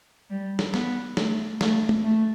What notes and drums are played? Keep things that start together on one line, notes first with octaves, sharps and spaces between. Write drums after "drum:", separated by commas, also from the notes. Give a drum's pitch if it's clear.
G3
drum: snare
B3, drum: snare
A3, drum: snare
A3, drum: snare
drum: tom
A3